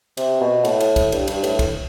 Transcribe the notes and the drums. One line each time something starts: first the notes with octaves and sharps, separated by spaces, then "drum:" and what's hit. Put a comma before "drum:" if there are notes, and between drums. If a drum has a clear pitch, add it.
C3, drum: cymbal
B2
A2, drum: cymbal
drum: cymbal
drum: kick, cymbal
G2, drum: cymbal
G2, drum: cymbal
A2, drum: cymbal
drum: kick, cymbal